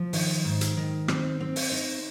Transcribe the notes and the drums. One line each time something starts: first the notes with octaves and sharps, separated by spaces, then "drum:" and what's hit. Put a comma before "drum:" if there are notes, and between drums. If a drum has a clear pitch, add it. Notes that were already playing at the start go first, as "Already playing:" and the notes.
Already playing: F3
D#3, drum: open hi-hat
G#2
drum: hi-hat
D#3
C4, drum: rim click
C4
drum: open hi-hat
D#4